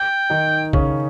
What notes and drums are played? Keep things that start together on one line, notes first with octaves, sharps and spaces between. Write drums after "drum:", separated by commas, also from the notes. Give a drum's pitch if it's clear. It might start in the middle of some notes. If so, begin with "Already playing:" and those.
Already playing: G5
D#3 D#4
C#3 C#4, drum: kick